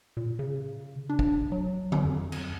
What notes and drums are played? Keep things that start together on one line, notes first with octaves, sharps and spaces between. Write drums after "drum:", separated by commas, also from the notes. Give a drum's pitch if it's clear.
A#2
C#3
D4
drum: kick
F#3
drum: tom D3
F2
drum: cymbal